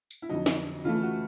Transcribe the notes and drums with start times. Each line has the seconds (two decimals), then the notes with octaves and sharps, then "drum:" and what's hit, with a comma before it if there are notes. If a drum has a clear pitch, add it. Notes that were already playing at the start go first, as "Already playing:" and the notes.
0.11 drum: tambourine
0.22 E4
0.29 F2 D3 F#3 D#4
0.46 drum: snare
0.84 C#3 E3 A3 F4
1.03 F#4